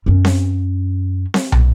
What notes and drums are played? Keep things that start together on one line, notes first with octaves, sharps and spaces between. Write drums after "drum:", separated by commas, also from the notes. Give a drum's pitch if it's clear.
F#2 C#4
drum: snare C4
drum: snare C4
drum: tom